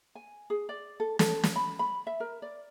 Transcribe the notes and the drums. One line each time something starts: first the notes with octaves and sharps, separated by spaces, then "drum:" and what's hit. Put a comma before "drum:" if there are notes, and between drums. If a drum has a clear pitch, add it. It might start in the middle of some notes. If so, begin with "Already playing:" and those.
G#5
G#4
D5
A4
A4, drum: snare
drum: snare
B5
B5
E5
A#4
D5